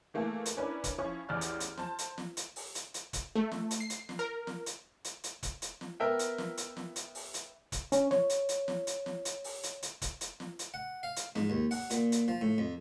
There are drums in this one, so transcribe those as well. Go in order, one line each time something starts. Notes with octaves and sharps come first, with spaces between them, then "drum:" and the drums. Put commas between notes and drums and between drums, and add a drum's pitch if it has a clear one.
E3 A3 A#3 G#4 A4
drum: hi-hat
C#4 D4 E4 A#4 B4 D5
drum: kick E1, hi-hat
F3 C#4 E4 C#6
A1 E2 G#4 D5 F6 F#6
drum: hi-hat
drum: hi-hat
C5 A5, drum: snare
drum: hi-hat
drum: snare
drum: hi-hat
drum: open hi-hat
drum: hi-hat
drum: hi-hat
drum: kick E1, hi-hat
A3
drum: snare
drum: hi-hat
C7
drum: hi-hat
drum: snare
A#4
drum: snare
drum: hi-hat
drum: hi-hat
drum: hi-hat
drum: kick E1, hi-hat
drum: hi-hat
drum: snare
B3 A#4 E5 G5
drum: hi-hat
drum: snare
drum: hi-hat
drum: snare
drum: hi-hat
drum: open hi-hat
drum: hi-hat
drum: kick E1, hi-hat
C#4, drum: hi-hat
C#5, drum: snare
drum: hi-hat
drum: hi-hat
drum: snare
drum: hi-hat
drum: snare
drum: hi-hat
drum: open hi-hat
drum: hi-hat
drum: hi-hat
drum: kick E1, hi-hat
drum: hi-hat
drum: snare
drum: hi-hat
F#5
F5
drum: hi-hat
G#2, drum: snare
D#2
F#5, drum: open hi-hat
A#2, drum: hi-hat
drum: hi-hat
F3
A2
F2